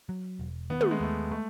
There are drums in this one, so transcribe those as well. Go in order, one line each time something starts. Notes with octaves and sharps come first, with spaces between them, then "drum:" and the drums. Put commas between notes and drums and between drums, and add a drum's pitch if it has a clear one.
F#3
E1
D#3 B3
A3, drum: tom
G#3
D#2 A3
G#3 A3